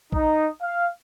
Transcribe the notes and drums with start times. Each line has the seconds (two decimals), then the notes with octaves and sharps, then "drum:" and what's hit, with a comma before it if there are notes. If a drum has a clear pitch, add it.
0.12 D#4, drum: kick A#1
0.62 F5